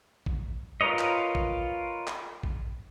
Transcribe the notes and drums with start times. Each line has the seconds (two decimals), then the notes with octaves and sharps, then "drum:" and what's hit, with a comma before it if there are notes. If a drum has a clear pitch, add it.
0.26 drum: kick A1
0.81 F4 A#4 B4 C#5 D#5
0.99 drum: clap
1.35 drum: kick A1
2.07 drum: clap
2.43 drum: kick A1